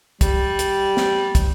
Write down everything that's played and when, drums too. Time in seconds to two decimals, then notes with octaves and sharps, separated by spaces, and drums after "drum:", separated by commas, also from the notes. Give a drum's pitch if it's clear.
0.21 G3, drum: kick, hi-hat
0.59 drum: hi-hat
0.97 drum: snare
1.35 drum: kick, hi-hat